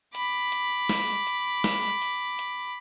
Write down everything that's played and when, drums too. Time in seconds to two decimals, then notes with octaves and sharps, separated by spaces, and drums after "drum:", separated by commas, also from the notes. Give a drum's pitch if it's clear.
0.15 B5 D6, drum: hi-hat
0.52 drum: hi-hat
0.89 drum: snare
1.27 drum: hi-hat
1.64 drum: snare
2.02 drum: open hi-hat
2.39 drum: hi-hat